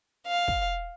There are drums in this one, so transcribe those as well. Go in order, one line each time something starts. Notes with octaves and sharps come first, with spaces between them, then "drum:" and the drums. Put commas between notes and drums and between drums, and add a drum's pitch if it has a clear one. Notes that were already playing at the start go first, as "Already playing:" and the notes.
F5
drum: kick